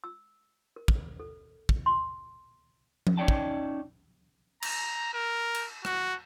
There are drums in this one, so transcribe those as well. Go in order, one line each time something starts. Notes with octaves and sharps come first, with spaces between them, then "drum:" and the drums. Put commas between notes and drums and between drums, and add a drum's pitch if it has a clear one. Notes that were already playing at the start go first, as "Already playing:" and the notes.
E6
A#4
drum: kick
A4
drum: kick
C6
drum: tom F3
C#4 D#4 C#5 D5 G5 A5
drum: kick
A#5, drum: cymbal
A#4
drum: cymbal
F#4, drum: rim click